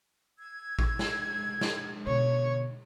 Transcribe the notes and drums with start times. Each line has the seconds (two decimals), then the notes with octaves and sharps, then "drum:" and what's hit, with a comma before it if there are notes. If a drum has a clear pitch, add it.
0.37 E6 G#6
0.79 drum: kick A1
0.99 drum: snare
1.61 drum: snare
2.07 B2 D3 C#5